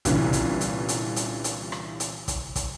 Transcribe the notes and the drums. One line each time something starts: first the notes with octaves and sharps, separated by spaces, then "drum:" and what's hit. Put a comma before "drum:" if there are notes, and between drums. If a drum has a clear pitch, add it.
C2 A#2 D3 E3 C#4, drum: kick, hi-hat
drum: kick, hi-hat
drum: hi-hat
drum: hi-hat
drum: hi-hat
drum: hi-hat
drum: rim click
drum: hi-hat
drum: kick, hi-hat
drum: kick, hi-hat